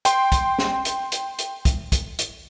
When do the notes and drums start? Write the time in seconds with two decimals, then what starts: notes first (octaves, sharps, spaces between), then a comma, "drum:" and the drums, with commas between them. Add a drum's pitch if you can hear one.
0.05 G5 C6, drum: hi-hat
0.32 drum: kick, hi-hat
0.59 drum: snare
0.85 drum: hi-hat
1.12 drum: hi-hat
1.39 drum: hi-hat
1.65 drum: kick, hi-hat
1.92 drum: kick, hi-hat
2.19 drum: hi-hat